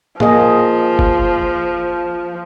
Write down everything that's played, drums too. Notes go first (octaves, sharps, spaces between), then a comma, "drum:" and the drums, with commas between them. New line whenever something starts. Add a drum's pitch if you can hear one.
F3 A#3 G#4 D#5, drum: tom A2
drum: kick F#1